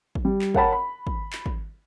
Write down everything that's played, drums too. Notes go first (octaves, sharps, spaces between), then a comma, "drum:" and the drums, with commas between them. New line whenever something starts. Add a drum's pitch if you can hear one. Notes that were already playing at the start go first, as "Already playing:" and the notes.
drum: kick
G3
drum: clap
A#4 C#5 F#5 G5 A5 B5, drum: kick
B5
drum: kick
drum: clap
drum: kick